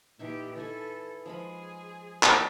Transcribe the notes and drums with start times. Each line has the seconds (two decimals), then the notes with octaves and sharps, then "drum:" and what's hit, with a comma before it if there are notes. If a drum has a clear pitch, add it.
0.19 A#2 E3 D#4 G4 E5
0.55 E3 E4 A4 G#5
1.26 F3 G#3 G#4 B5
2.23 drum: clap